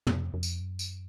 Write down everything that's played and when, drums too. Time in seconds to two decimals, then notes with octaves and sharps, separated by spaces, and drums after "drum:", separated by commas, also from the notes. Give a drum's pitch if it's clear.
0.07 F2, drum: tom
0.34 F2
0.43 drum: tambourine
0.61 F#2
0.79 drum: tambourine